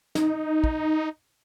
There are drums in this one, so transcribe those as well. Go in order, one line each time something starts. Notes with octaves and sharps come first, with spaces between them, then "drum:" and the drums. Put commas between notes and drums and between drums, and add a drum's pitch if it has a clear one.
D#4, drum: snare
drum: kick